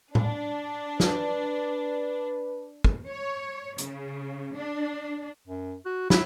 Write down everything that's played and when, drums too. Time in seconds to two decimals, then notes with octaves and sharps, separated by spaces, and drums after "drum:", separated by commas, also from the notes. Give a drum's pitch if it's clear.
0.15 D4, drum: tom A2
1.00 B4, drum: snare
2.84 drum: kick
3.09 C#5
3.78 C#3, drum: hi-hat
4.55 D4
5.47 F#2
5.86 F#4
6.10 E4, drum: snare